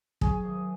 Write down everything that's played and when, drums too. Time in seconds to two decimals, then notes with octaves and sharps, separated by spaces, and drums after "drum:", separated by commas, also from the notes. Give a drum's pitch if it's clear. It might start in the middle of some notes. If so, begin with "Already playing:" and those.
0.21 F#3 G#4, drum: kick
0.43 G#1